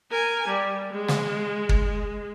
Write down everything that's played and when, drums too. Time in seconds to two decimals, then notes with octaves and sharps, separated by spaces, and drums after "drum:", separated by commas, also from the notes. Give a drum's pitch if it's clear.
0.11 A#4 G#5
0.48 G3
0.93 G#3
1.08 drum: snare
1.69 drum: kick